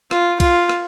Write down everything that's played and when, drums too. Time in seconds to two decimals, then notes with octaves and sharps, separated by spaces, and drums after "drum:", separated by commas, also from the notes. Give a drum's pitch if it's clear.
0.11 F4, drum: rim click
0.40 F4, drum: kick B1, cymbal
0.69 drum: rim click